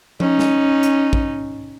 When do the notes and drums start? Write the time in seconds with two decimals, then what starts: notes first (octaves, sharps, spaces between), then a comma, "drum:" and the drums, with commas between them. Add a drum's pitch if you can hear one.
0.20 C#4 D#4, drum: tom F3
0.39 drum: snare
0.83 drum: hi-hat
1.13 drum: kick